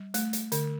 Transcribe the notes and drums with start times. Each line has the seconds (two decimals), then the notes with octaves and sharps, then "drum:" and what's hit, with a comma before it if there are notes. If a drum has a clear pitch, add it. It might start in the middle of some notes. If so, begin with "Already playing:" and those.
Already playing: G3
0.14 A3, drum: hi-hat
0.33 drum: hi-hat
0.52 D3, drum: hi-hat